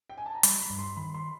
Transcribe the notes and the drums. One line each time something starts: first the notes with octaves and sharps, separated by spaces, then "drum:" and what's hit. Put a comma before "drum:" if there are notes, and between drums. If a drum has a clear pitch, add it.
G5
G#5
A5
A#5
G3 B5, drum: hi-hat
B5
G2
C6
D#3 B5
C6